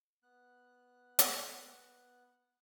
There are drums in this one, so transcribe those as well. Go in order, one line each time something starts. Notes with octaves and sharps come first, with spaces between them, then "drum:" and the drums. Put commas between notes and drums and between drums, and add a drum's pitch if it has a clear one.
B3 F#6
drum: hi-hat